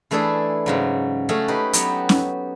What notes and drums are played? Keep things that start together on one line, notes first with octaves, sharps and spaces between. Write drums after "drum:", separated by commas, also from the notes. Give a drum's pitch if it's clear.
E3 A3 D4 E4 G#4 A4
G#2 C#3 F#3
A3 C#4 F#4 G#4 A4
D#4 G4 G#4 B4
F#3 B3 F#4 G4 C#5, drum: hi-hat
drum: snare C#4